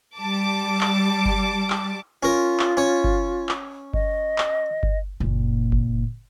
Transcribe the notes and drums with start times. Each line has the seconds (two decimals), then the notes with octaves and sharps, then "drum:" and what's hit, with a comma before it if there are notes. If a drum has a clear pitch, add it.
0.17 G3 A5 D6
0.81 drum: clap
1.25 drum: kick G1
1.70 drum: clap
2.23 C#4 F4 A#4
2.60 drum: clap
2.77 C#4 C#5
3.04 drum: kick G1
3.49 drum: clap
3.94 D#5, drum: kick G1
4.38 drum: clap
4.83 drum: kick G1
5.20 F#1 A#2
5.72 drum: kick G1